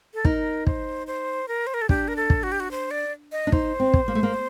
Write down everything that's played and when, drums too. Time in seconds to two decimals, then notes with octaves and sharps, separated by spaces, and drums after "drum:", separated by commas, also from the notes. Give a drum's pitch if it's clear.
0.14 A4
0.25 D#4 A#4, drum: kick
0.67 C5, drum: kick
1.07 C5
1.48 A#4
1.67 C5
1.74 A#4
1.82 A4
1.89 D4 G4, drum: kick
2.08 A#4
2.16 A4
2.30 drum: kick
2.43 F#4
2.52 G4
2.60 F#4
2.71 C5
2.91 D5
3.32 D#5
3.47 D4
3.52 D#4 C5, drum: kick
3.80 C4
3.94 drum: kick
4.08 A#3
4.15 A3
4.23 A#3